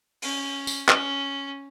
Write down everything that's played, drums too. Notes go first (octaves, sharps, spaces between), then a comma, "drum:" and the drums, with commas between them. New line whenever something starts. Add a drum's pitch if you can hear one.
C#4, drum: open hi-hat
drum: tambourine
C#4, drum: clap